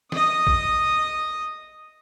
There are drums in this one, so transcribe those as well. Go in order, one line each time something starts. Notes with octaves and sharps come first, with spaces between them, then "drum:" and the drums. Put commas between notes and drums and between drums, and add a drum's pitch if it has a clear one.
D#5 D#6, drum: snare
drum: kick A#1